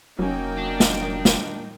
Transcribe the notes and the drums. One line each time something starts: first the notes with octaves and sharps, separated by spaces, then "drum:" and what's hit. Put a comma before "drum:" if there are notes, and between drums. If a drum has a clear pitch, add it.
F1 F#3 A#3 C#4 D#4 G5
D4
drum: snare
drum: snare